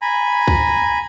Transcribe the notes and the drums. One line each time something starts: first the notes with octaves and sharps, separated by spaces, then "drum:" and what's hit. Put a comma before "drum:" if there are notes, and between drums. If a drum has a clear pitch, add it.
G#5 A#5 B5
drum: kick C2